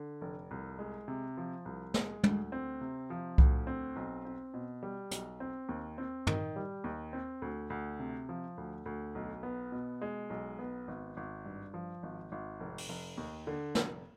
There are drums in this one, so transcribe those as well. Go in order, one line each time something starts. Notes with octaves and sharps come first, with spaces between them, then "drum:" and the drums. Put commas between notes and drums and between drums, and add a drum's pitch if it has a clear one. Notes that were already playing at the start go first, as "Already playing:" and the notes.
Already playing: D3
F1
C2
G#3
C3
F3
C2
G#3, drum: snare
D2, drum: tom
C4
C3
F3
D2, drum: kick C2
C4
B1
C4
B2
G3
B1, drum: hi-hat
C4
D#2
C4
D#3, drum: tom
G3
D#2
C4
D2
D2
C3
F3
D2
D2
B1
B3
B2
G#3
B1
B3
G#1
G#1
G2
F3
G#1
G#1
F1
drum: open hi-hat
F1
D#2
D3
F1, drum: snare